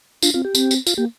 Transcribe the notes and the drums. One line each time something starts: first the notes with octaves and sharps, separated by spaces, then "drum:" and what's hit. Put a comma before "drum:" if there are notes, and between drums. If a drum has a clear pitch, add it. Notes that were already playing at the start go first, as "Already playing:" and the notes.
D4 F4, drum: tambourine
C4 F4
G4
C4, drum: tambourine
drum: tambourine
F4, drum: tambourine
A#3 G4